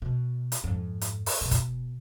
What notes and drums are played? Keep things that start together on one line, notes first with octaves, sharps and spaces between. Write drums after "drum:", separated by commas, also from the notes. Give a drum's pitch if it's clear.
B2
drum: hi-hat
F2 G#2
drum: hi-hat
drum: open hi-hat
B2
drum: kick, hi-hat